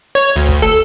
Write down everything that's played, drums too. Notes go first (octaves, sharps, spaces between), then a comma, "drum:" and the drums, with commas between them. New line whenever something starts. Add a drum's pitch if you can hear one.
C#5
D2
drum: kick
A4